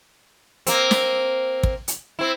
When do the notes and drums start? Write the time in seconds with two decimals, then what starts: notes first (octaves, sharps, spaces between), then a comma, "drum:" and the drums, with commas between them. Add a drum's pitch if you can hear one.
0.67 A#3 C4, drum: hi-hat
0.91 drum: snare
1.63 drum: kick
1.88 drum: hi-hat
2.19 C4 E4